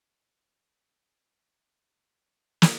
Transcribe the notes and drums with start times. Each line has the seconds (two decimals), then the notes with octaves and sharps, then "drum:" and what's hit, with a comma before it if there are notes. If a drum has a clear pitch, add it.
0.07 A4
1.09 F#3
1.76 C4
2.25 G#5
2.62 drum: snare